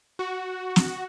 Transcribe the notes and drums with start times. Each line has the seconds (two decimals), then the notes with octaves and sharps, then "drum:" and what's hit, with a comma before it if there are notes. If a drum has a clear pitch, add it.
0.19 F#4
0.76 drum: snare